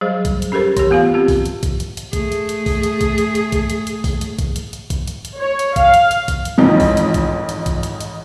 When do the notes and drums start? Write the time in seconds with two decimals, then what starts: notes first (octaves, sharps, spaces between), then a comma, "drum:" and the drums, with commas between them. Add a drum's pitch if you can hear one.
0.01 F#3 G3 G#4 C5
0.25 drum: kick, hi-hat
0.42 drum: hi-hat
0.52 C#4 G4 A4 A#4 C5
0.77 E3 G4, drum: kick, hi-hat
0.90 A3 B3 F4 F5 G#5
1.14 C4 F4 G4
1.28 drum: kick, open hi-hat
1.46 drum: hi-hat
1.63 drum: kick, hi-hat
1.80 drum: hi-hat
1.97 drum: hi-hat
2.13 A3 G#4, drum: kick, hi-hat
2.32 drum: hi-hat
2.49 drum: hi-hat
2.66 drum: kick, open hi-hat
2.83 drum: hi-hat
3.01 drum: kick, hi-hat
3.18 drum: hi-hat
3.35 drum: hi-hat
3.52 drum: kick, hi-hat
3.70 drum: hi-hat
3.87 drum: hi-hat
4.04 drum: kick, open hi-hat
4.21 drum: hi-hat
4.39 drum: kick, hi-hat
4.56 drum: hi-hat
4.73 drum: hi-hat
4.90 drum: kick, hi-hat
5.07 drum: hi-hat
5.25 drum: hi-hat
5.37 C#5
5.59 drum: hi-hat
5.76 F5, drum: kick, hi-hat
5.94 drum: hi-hat
6.11 drum: hi-hat
6.28 drum: kick, hi-hat
6.45 drum: hi-hat
6.58 A1 F2 G#2 D#3
6.80 drum: kick, open hi-hat
6.97 drum: hi-hat
7.14 drum: kick, hi-hat
7.49 drum: hi-hat
7.66 drum: kick, hi-hat
7.83 drum: hi-hat
8.00 drum: hi-hat